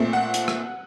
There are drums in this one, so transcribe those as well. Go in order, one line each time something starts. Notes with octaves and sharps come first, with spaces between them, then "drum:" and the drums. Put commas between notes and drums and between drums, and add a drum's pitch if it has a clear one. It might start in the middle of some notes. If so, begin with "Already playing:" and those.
Already playing: A#2 A3 C4
F#5
drum: hi-hat
drum: rim click